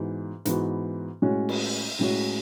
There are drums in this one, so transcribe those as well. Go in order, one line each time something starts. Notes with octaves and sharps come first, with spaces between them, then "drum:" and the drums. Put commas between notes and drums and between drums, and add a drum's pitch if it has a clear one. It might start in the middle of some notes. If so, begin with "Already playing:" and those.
Already playing: G#2 E3 B3 F#4
G#2 E3 B3 F#4, drum: hi-hat
A2 G#3 C#4 F#4
drum: cymbal
A2 G#3 C#4 F#4